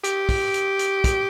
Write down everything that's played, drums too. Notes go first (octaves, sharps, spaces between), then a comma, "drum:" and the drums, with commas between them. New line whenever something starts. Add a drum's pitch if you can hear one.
G4, drum: hi-hat
drum: kick, open hi-hat
drum: hi-hat
drum: hi-hat
drum: kick, hi-hat